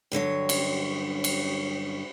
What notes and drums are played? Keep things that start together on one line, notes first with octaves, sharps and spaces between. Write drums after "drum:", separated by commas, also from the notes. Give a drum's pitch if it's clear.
G2 D3 F#3 C#5
drum: cymbal
drum: cymbal